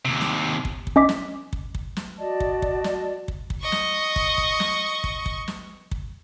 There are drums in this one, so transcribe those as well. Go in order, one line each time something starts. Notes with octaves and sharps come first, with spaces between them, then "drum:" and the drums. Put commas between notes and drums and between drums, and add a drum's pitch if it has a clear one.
D#2 C3
drum: snare
drum: kick
drum: kick
C#4 D#5 D6 B6
drum: snare
drum: kick
drum: kick
drum: snare
F#4 D5 D#5 A5
drum: kick
drum: kick
drum: snare
drum: kick
drum: kick
D#5 C#6
drum: snare
drum: kick
drum: kick
drum: snare
drum: kick
drum: kick
drum: snare
drum: kick